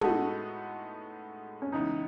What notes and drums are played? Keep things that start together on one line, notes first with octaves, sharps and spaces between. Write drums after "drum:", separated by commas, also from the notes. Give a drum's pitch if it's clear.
A2 G#3 B3 D#4 F#4 A4, drum: tom
C#4
C#2 C#3 E3 B3 D#4